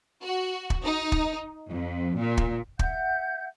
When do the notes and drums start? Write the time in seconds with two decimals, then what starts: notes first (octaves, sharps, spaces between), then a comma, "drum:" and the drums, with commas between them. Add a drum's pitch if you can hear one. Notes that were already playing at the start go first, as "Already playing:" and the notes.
0.25 F#4
0.70 drum: kick
0.85 D#4
1.12 drum: kick
1.68 F2
2.16 A#2
2.37 drum: kick
2.79 E5 F#5 G6, drum: kick